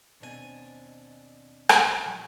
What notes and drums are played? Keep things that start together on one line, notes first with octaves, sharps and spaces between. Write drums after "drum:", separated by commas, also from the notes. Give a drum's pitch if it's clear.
D#2 B2 C4 D4 A#4 G#5
drum: rim click
A#2 F3 F#3 A3